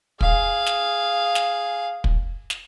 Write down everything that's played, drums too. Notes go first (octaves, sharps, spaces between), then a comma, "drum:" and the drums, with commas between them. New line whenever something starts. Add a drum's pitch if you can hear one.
G#4 F5, drum: kick
drum: snare
drum: snare
drum: kick
drum: snare